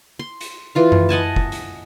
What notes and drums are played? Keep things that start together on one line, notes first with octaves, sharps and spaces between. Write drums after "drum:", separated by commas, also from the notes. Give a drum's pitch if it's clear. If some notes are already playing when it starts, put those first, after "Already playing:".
C6
drum: hi-hat
E3 F4 F5
drum: tom F#2
D#5 F#5 G#5 A5
drum: kick
drum: hi-hat